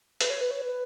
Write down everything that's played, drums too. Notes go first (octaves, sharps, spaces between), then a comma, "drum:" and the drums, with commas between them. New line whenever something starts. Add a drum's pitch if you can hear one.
B4, drum: hi-hat
C#5
B4
C#5
B4